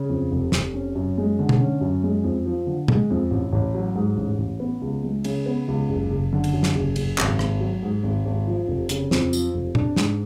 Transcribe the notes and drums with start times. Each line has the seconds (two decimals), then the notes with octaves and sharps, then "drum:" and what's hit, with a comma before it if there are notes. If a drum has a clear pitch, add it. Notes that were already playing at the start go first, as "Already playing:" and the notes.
Already playing: C#3
0.09 F2
0.32 F1
0.52 F1, drum: snare
0.74 C#4
0.95 F#2
1.18 G#3
1.39 D3
1.49 drum: tom
1.60 C#4
1.81 F#2
2.03 G#3
2.24 F2
2.46 F3
2.67 D3
2.88 G#3, drum: tom A#2
3.10 F2
3.31 A1
3.53 A1
3.74 F#3
3.95 G#2
4.17 A1
4.38 A1
4.60 B3
4.81 C#2
5.04 G#3
5.24 C#3, drum: cymbal
5.46 B3
5.68 C#2
5.89 F#1
6.10 F#1
6.33 D3
6.44 drum: cymbal
6.53 F#2
6.63 drum: snare
6.75 F#1
6.96 F#1, drum: cymbal
7.18 G#1, drum: clap
7.39 G#1, drum: rim click
7.60 F#3
7.83 G#2
8.03 G#1
8.26 G#1
8.47 F3
8.68 F1
8.89 C#3, drum: hi-hat
9.11 F2, drum: snare
9.33 F3, drum: tambourine
9.54 F1
9.75 D4, drum: tom A#2
9.96 G#2, drum: snare